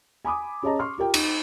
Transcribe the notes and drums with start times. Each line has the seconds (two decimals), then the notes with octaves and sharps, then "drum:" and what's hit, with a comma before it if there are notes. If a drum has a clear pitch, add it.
0.25 G#5 B5 D6 D#6
0.63 C#4 G#4 C#5 D#5 A5 A#5
0.79 C6 C#6 F6
0.98 F4 G4 A#4 G5
1.14 D#4, drum: cymbal